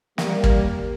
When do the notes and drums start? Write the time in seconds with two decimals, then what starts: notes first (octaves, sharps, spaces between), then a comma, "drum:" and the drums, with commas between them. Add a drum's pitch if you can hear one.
0.18 G3 A#3, drum: snare
0.44 drum: kick